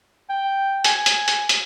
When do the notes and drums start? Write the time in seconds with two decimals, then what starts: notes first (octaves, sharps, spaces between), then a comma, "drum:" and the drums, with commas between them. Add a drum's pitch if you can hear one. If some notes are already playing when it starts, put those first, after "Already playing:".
0.29 G5
0.84 G#5, drum: hi-hat
1.06 drum: hi-hat
1.28 drum: hi-hat
1.49 drum: hi-hat